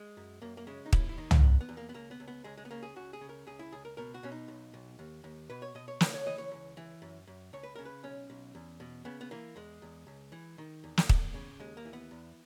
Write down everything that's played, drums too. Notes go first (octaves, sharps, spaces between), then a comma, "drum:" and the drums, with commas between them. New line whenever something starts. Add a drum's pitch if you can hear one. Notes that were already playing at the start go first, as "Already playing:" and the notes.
Already playing: G#3
F#2
F#2 A#3
A#3
C#3 G#3
D#4
D#2 E4, drum: kick
E4
D#3 D#4
drum: tom
E2 B3
B3
E2
A#3
B3
C#2 A#3
B3
C#2
B3
C#2 G#3
G#3
B3
C#3 A#3
G#4
C#2 F#4
G#4
C#3
A#4
C#2 G#4
E4
C#2 G#4
A#4
B2 A#4
F#4
B2 C#4
D#4
B1
B1
D#2
D#2
B2 B4
C#5
B2 D#5
C#5
C#3 B4, drum: snare
C#5
E3 D#5
C#5
C#2
E3
F#2
F#2
C#2 C#5
B4
C#3 A#4
B4
B1 C#4
B1
E2
B2
C#3 B3
B3
E3 A#3
E2 G#3
E2
C#2
E3
D#3
E2
drum: snare
E2, drum: kick
C#3
D#2 G#3
A#3
E3
B3
E2